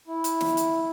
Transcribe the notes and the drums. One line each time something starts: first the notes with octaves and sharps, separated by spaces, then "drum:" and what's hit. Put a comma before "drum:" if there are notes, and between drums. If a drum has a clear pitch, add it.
E4
drum: hi-hat
drum: snare
drum: hi-hat